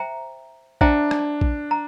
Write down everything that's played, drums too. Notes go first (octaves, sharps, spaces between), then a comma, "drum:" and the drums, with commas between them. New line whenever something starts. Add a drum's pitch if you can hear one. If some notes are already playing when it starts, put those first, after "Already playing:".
Already playing: C5 E5 G5 A#5
D4 C5 E5 G5 A#5, drum: kick
drum: rim click
drum: kick
A#5